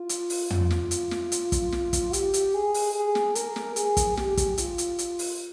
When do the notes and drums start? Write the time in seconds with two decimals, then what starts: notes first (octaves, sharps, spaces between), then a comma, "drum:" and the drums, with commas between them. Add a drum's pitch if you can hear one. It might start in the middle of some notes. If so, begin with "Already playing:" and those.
Already playing: F4
0.09 drum: hi-hat
0.30 drum: open hi-hat
0.50 F4, drum: tom
0.70 drum: snare
0.91 drum: hi-hat
1.11 drum: snare
1.32 drum: hi-hat
1.52 drum: kick, hi-hat
1.72 drum: snare
1.93 drum: kick, hi-hat
2.13 G4, drum: hi-hat
2.34 drum: hi-hat
2.54 G#4
2.74 drum: open hi-hat
2.95 G#4
3.15 drum: snare
3.35 A#4, drum: hi-hat
3.56 drum: snare
3.76 G#4, drum: hi-hat
3.97 drum: kick, hi-hat
4.17 G4, drum: snare
4.37 drum: kick, hi-hat
4.58 F4, drum: hi-hat
4.78 drum: hi-hat
4.99 drum: hi-hat
5.19 drum: open hi-hat